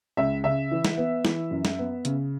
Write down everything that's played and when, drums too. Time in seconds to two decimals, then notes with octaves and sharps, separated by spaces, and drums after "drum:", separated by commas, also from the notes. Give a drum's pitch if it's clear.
0.17 C#2 E5
0.44 C#3 E5
0.71 E3
0.85 drum: snare
0.97 B3
1.25 E3, drum: snare
1.51 F#2
1.65 drum: snare
1.79 B3
2.05 C#3, drum: hi-hat